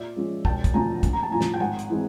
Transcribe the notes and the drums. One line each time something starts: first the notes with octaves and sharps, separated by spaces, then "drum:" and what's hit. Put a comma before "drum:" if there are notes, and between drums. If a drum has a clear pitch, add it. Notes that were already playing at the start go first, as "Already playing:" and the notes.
Already playing: A#2 D5 E5
F3 G#3 C#4
E1 G5 A5, drum: kick
drum: kick, hi-hat
D2 D3 F3 G#5 A#5
A#1, drum: kick, hi-hat
A#5
A5
A2 F3 G#5 A#5
drum: snare
G5
G#1 F#5 G#5
drum: hi-hat
E3 G#3 C4